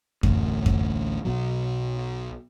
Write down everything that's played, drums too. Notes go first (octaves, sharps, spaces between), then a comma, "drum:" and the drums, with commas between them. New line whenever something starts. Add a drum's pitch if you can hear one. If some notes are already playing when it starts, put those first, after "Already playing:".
A1 D2, drum: kick F2
drum: kick F2
B1 B2 F#3